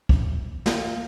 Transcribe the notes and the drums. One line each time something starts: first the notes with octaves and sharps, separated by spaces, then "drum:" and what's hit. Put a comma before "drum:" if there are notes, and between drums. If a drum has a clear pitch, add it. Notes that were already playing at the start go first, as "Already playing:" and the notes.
drum: kick
A#3, drum: snare